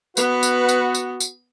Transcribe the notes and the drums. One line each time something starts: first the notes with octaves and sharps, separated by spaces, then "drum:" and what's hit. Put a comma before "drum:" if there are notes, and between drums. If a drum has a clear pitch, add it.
B3 F#4 B4, drum: tambourine
drum: tambourine
drum: tambourine
drum: tambourine
drum: tambourine